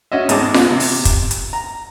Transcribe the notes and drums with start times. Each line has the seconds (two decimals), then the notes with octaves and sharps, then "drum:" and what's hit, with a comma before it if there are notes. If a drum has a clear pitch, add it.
0.12 C#4 F#4 D#5 E5
0.29 G#1 A2 G#3 D#4 A5 D6, drum: hi-hat
0.54 drum: snare F4
0.71 C3
0.80 drum: open hi-hat
1.05 drum: kick, hi-hat
1.31 drum: hi-hat
1.53 A#5